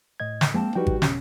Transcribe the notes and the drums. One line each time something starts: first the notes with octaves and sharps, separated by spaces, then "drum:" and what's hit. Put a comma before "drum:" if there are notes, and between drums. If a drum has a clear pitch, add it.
A2 D#5 G#6
drum: snare
G#3 A#3 C4 A5
G3 D#4 F#4 B4 G5
drum: kick G#1
E2 B2 C#4, drum: snare